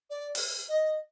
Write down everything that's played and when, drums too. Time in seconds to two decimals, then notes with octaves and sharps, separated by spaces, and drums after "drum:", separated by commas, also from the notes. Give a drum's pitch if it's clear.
0.10 D5
0.35 drum: open hi-hat
0.69 D#5